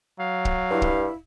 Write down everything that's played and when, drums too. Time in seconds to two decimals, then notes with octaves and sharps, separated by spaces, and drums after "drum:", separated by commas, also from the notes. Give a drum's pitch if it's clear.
0.20 F#3 F5
0.45 drum: kick
0.71 G2 E4
0.82 drum: kick